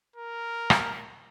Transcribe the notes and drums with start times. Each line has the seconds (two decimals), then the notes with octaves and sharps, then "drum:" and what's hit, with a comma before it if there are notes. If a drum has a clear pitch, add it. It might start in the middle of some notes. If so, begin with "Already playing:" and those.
0.16 A#4
0.70 drum: rim click